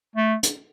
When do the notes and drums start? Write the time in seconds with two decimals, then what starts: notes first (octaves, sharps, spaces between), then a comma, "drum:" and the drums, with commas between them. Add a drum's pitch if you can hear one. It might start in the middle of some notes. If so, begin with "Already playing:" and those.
0.16 A3
0.43 drum: hi-hat